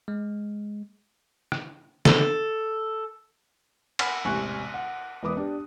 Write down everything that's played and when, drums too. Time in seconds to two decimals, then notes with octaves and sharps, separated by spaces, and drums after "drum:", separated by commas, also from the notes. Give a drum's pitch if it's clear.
0.08 G#3
1.52 drum: rim click
2.05 A4, drum: snare
3.99 F#5 G#5 B5 E6 F6, drum: cymbal
4.25 E1 A1 C3 G#5 C#6 F#6
4.74 F#5
5.23 E1 E4 B4 D6 D#6
5.37 D4 G4